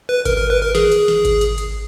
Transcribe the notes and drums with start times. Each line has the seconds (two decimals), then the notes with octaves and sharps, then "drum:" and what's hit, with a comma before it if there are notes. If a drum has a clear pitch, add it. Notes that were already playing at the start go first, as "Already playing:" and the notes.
0.09 B4
0.25 A#4, drum: kick G#1, hi-hat
0.37 A#4
0.50 B4
0.62 A#4
0.75 G#4, drum: snare
0.92 drum: hi-hat
1.08 drum: snare
1.25 drum: kick G#1, hi-hat
1.41 drum: hi-hat
1.58 drum: hi-hat